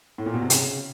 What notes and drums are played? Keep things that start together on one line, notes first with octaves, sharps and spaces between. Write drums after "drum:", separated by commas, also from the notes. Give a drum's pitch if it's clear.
A2
A#2
B2
C3
C#3, drum: hi-hat